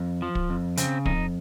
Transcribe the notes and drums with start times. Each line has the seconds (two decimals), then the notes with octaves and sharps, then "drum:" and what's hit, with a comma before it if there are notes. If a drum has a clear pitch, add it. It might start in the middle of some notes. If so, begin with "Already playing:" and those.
Already playing: F2
0.22 F3
0.35 drum: kick
0.50 F2
0.77 C#3 C4, drum: hi-hat
1.06 F2 D#4, drum: kick